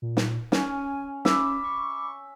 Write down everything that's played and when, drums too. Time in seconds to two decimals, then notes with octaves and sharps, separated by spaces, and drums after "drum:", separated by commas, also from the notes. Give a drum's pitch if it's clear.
0.02 A#2
0.17 drum: snare
0.52 C#4 G#5, drum: snare
1.25 C#4 E5 B5 D6, drum: snare
1.63 C#6